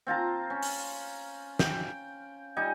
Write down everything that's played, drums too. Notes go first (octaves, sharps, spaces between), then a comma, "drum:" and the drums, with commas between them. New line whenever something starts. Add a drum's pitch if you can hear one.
C4 F4 A5 A#5
C#4
drum: open hi-hat
G5, drum: snare
G3 D#4 G#5